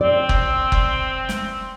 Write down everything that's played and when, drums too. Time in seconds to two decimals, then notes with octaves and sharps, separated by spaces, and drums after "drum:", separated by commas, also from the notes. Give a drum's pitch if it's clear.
0.01 C4 D5
0.29 drum: kick F#1
0.72 drum: kick F#1
1.29 drum: snare